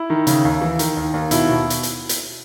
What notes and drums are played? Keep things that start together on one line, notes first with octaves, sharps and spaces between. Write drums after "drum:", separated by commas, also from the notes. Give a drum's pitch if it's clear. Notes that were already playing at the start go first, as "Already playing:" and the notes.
Already playing: E4
D#3
C#3, drum: hi-hat
D#2
E3
D#3, drum: hi-hat
D#2
D#2
B2 E4, drum: hi-hat
B2
drum: hi-hat
drum: hi-hat
drum: hi-hat